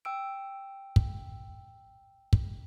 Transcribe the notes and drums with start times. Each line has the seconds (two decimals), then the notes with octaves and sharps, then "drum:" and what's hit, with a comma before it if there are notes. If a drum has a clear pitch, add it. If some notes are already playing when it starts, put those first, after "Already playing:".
0.05 G5 E6 D7
0.96 drum: kick
2.33 drum: kick